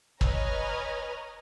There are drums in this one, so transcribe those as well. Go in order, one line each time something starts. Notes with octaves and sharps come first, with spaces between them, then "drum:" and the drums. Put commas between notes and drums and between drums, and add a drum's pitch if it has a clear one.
B4 C#5 D#5 G#5 A#5 F6, drum: kick